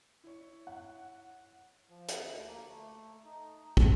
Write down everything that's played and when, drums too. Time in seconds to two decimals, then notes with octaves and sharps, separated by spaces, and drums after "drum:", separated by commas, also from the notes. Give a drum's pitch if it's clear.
0.24 E4 C#5
0.67 F#5
1.90 F3
2.09 drum: hi-hat
2.24 D2
2.47 A#3
2.68 A3
3.25 D#4
3.77 A5, drum: kick